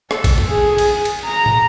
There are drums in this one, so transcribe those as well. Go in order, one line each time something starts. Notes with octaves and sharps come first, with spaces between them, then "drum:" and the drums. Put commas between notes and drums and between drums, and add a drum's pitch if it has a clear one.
A4, drum: rim click
drum: kick A#1, cymbal
drum: tom G2
G#4
drum: cymbal
drum: cymbal
A#5
drum: tom